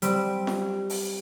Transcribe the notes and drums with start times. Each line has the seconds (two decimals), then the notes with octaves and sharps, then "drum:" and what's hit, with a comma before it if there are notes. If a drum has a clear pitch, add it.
0.02 G3 C4 D5, drum: hi-hat
0.47 drum: snare
0.90 drum: open hi-hat